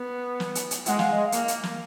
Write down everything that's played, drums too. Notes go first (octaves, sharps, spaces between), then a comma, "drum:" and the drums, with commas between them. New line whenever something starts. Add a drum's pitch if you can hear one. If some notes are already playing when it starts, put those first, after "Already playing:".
Already playing: B3
drum: snare
drum: hi-hat
drum: hi-hat
G#3 F#5, drum: hi-hat
F5, drum: snare
D#5
F5
A#3, drum: hi-hat
drum: hi-hat
drum: snare